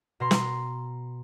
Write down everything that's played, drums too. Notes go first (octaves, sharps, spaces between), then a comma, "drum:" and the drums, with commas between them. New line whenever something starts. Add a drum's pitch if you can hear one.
B2 A#5 C6
drum: snare